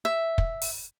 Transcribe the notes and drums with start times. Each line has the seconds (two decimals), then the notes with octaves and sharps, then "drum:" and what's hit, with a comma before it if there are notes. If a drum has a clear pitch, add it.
0.05 E5
0.38 drum: kick
0.62 drum: open hi-hat